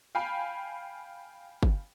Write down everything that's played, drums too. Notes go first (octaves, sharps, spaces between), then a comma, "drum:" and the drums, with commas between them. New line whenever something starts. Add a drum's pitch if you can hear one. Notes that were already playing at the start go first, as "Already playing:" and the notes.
F5 G5 G#5 B5
drum: kick